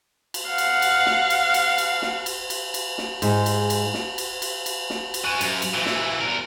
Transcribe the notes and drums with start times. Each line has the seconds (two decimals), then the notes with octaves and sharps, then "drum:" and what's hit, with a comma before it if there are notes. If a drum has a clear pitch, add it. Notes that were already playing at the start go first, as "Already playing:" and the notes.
0.34 drum: cymbal
0.49 F5 F#5
0.58 drum: cymbal
0.82 drum: cymbal
1.06 drum: snare
1.30 drum: cymbal
1.54 drum: cymbal
1.78 drum: cymbal
2.02 drum: snare
2.26 drum: cymbal
2.50 drum: cymbal
2.74 drum: cymbal
2.98 drum: snare
3.22 G#2 G#3, drum: cymbal
3.46 drum: cymbal
3.70 drum: cymbal
3.94 drum: snare
4.18 drum: cymbal
4.42 drum: cymbal
4.66 drum: cymbal
4.90 drum: snare
5.14 drum: cymbal
5.25 F#4 G#5
5.41 F#2, drum: cymbal
5.62 drum: cymbal
5.74 A#2 E3
5.86 drum: snare
6.21 E2 A#4